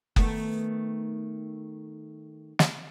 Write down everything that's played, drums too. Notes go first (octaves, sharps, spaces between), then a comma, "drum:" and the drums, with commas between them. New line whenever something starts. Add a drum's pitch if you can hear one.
D#3 A3 B3, drum: kick F#1
drum: snare